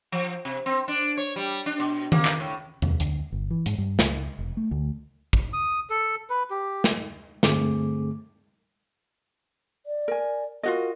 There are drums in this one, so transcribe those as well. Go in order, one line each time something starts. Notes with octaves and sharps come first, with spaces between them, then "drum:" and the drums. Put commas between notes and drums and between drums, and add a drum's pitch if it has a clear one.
F3
C3
C4
D4
C#5
G3
D4
B2
A#3, drum: tom D#3
drum: clap
A2
D#2, drum: tom E2
D2, drum: hi-hat
G1
E3
G#2, drum: hi-hat
G2
C#2, drum: snare
F1
A3
D2
drum: kick
D#6
A4
B4
G4
drum: snare
G2 D3 A3 C4 G#4 D6, drum: snare
D5
A#4 G#5
F4 F#4 A#4 D#5